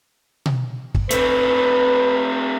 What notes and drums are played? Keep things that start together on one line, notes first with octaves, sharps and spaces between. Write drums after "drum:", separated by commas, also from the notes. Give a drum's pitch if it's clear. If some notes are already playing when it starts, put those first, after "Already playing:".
drum: tom B2
drum: kick
A3 C4 B4, drum: hi-hat